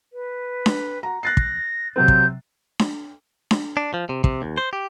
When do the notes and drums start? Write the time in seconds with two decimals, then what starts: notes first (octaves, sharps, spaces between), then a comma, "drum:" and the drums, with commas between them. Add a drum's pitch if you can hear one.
0.13 B4
0.66 drum: snare D4
1.03 F#4 A#5
1.23 F#6 A6 A#6 C7
1.37 drum: kick
1.96 C3 F#3 C4 G6
2.08 drum: kick
2.79 drum: snare D4
3.51 drum: snare D4
3.77 D4
3.94 F3
4.09 C3
4.24 C3, drum: kick
4.42 D#2
4.58 C5
4.73 G4